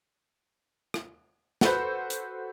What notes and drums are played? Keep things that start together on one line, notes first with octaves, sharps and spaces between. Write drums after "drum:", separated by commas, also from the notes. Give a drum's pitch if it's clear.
drum: rim click
F#4 A4 B4 C5, drum: snare
drum: hi-hat